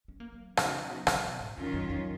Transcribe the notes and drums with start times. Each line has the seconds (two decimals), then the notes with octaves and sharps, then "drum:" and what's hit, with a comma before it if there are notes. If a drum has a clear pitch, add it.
0.08 C#4
0.20 A#3
0.33 F#3
0.57 C#3 F#3 B3 D#4 F#4, drum: rim click
1.07 C#3, drum: rim click
1.24 B2
1.40 G#2
1.57 F2 D#3 F#3 C#4 F4
1.74 F#2
1.89 F2